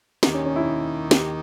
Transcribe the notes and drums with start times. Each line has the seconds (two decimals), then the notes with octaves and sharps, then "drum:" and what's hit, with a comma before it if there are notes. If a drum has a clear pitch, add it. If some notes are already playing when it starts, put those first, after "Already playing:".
0.23 D#2 D#3 A#3 G4, drum: snare
0.34 C#4
0.45 C#4
0.56 E4
1.11 G4, drum: snare